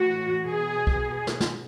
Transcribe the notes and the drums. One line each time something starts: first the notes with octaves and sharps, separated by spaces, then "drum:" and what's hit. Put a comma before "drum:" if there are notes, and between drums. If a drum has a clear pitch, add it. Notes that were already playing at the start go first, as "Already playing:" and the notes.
Already playing: A2 E3 F#4
B2 G#4
drum: kick
drum: snare
drum: snare